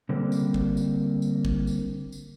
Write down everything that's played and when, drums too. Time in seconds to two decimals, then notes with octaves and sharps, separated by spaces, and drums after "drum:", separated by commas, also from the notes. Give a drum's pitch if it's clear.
0.09 D3 G3 A#3 C4
0.32 drum: tambourine
0.54 drum: kick
0.77 drum: tambourine
1.22 drum: tambourine
1.45 drum: kick
1.67 drum: tambourine
2.12 drum: tambourine